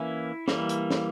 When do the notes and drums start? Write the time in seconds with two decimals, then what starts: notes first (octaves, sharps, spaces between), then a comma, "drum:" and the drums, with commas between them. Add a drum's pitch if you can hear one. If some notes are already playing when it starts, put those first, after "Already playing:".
Already playing: E3 A#3 C#4 E4
0.48 E3 G3 A#3, drum: snare
0.69 drum: hi-hat
0.91 drum: snare